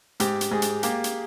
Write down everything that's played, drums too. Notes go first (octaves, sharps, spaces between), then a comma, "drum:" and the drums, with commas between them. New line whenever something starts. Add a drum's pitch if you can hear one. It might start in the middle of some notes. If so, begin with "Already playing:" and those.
G#2 G4, drum: hi-hat
drum: hi-hat
G#2 G#4
drum: hi-hat
A#3 G4, drum: hi-hat
drum: hi-hat